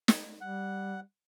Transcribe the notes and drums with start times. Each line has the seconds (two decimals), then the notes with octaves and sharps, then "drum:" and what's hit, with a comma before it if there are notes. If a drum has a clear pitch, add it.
0.08 drum: snare
0.41 G3 F#5